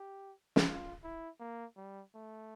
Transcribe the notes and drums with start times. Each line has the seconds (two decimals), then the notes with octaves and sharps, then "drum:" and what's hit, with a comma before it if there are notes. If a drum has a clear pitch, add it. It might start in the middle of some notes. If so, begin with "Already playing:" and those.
Already playing: G4
0.56 drum: snare
0.67 F4
1.03 E4
1.40 A#3
1.76 G3
2.14 A3